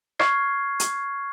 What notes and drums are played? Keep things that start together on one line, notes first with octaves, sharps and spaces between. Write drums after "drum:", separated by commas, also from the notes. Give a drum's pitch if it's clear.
C#6 F6 G#6 C7, drum: rim click
drum: hi-hat